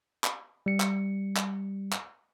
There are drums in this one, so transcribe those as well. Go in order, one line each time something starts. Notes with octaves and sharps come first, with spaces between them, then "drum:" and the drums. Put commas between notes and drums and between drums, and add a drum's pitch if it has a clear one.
drum: clap
G3 C#7
drum: clap
drum: clap
drum: clap